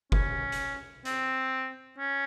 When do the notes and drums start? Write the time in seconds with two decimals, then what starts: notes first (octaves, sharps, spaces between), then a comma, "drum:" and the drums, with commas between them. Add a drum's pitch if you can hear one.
0.12 C#4, drum: kick F#1
0.52 drum: hi-hat
1.05 C4, drum: hi-hat
1.98 C#4